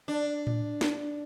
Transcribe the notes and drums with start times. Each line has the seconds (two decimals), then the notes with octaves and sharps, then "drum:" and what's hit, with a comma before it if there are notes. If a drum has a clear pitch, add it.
0.08 D4
0.47 drum: tom A2
0.81 drum: snare